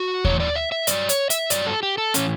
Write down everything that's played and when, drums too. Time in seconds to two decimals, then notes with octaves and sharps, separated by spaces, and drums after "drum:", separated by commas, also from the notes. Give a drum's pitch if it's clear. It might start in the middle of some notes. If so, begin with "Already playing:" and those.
Already playing: F#4
0.25 A2 E3 C#5, drum: kick D#2
0.40 D5
0.56 E5
0.72 E5
0.87 G2 F#3 D5, drum: hi-hat
1.09 C#5, drum: hi-hat
1.30 E5, drum: hi-hat
1.50 G2 F#3 D5, drum: hi-hat
1.66 A4
1.83 G4
1.98 A4
2.14 A2 E3 C#4, drum: hi-hat